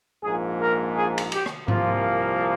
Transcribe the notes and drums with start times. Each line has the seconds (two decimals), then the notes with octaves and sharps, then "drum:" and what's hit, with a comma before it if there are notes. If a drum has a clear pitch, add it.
0.24 A#1 G#2 F3 A#3 G#4
0.60 A#4
0.96 G#4
1.18 drum: cymbal
1.32 G4, drum: cymbal
1.46 drum: rim click
1.68 C2 A#2 F3 A#3 F4, drum: tom G#2